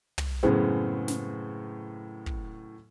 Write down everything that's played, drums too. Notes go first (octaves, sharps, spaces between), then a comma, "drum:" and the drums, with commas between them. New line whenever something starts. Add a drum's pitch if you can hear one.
drum: tom
F#2 A2 C#3 G#3 B3 C4
drum: snare
drum: kick